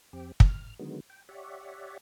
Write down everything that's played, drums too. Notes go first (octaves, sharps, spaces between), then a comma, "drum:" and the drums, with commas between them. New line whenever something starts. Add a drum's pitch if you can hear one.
F2 C4 G4 G5
F6, drum: kick
D3 D#3 F#3 G#3 B3
G5
G4 C#5 D5 E5 F#5